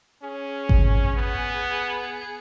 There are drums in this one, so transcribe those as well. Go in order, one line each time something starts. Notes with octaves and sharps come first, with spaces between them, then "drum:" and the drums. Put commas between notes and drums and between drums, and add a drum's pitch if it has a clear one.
C#4 G#4
drum: kick G#1
B3